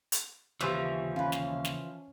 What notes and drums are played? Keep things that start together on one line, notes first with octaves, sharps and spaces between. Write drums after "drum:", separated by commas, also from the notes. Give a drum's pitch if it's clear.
drum: hi-hat
D#2 C#3 E3 F3 G4 E6
C#4 F4 B4
F5, drum: snare
drum: snare